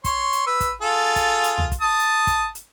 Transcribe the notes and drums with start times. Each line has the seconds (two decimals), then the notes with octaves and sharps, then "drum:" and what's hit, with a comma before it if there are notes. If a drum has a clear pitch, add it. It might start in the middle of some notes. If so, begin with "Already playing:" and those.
0.04 C#5 C6, drum: kick, hi-hat
0.33 drum: hi-hat
0.47 B4 E6
0.60 drum: kick, hi-hat
0.82 F4 G#4 A4
1.16 drum: kick, hi-hat
1.44 drum: hi-hat
1.58 drum: tom
1.72 drum: kick, hi-hat
1.81 A5 D#6
1.99 drum: hi-hat
2.27 drum: kick, hi-hat
2.55 drum: hi-hat